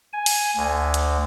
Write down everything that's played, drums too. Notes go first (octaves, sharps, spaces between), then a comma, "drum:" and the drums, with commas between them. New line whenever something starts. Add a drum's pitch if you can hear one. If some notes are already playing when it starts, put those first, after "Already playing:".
G#5
drum: open hi-hat
D2
drum: hi-hat